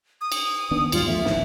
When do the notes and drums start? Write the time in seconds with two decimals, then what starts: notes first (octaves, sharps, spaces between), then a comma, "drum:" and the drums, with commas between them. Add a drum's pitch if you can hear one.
0.21 D#6
0.32 drum: cymbal
0.71 D#3 B3 D4
0.92 E2 G#2 G3 F4, drum: cymbal
1.07 F3 A3 B3 E5
1.25 D#1 A1 A2, drum: snare